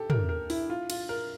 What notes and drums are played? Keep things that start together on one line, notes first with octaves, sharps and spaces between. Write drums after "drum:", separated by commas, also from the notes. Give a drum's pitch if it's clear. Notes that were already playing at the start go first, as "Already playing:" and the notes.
Already playing: G4 A4
A#4, drum: tom
A#4
E4, drum: open hi-hat
F4
F4, drum: cymbal
A#4